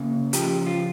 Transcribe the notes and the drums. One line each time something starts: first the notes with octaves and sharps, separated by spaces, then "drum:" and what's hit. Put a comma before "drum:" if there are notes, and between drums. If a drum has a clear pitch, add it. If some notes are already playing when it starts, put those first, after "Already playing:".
Already playing: C#3 A#3
F3 G4, drum: hi-hat
F4